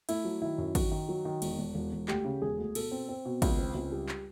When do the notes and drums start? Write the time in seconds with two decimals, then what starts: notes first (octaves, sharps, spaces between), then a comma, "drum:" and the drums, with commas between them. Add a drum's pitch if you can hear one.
0.09 A3 E4, drum: cymbal
0.25 F#3
0.42 D#3 E4
0.58 F#2
0.75 D#3 F#4, drum: kick, cymbal
0.91 D#3
1.09 F#3
1.25 D#3
1.42 E1, drum: cymbal
1.59 E1
1.75 E1
1.92 E1
2.08 D2 G4, drum: clap
2.25 C#3
2.42 E1 G#4
2.58 D2
2.75 B2 A4, drum: cymbal
2.92 C4
3.09 C4
3.25 B2
3.42 C#2, drum: kick, cymbal
3.59 C4
3.75 C#2
3.92 G3
4.09 drum: clap